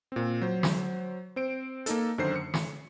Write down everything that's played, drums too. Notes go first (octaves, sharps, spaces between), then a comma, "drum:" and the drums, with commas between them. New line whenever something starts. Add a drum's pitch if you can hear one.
A#2 C4
F#3 C5
drum: snare
C4 C5 D7
A#3 D#4 A4, drum: hi-hat
F#2 D3 D#3 C5 C7
C#7
drum: snare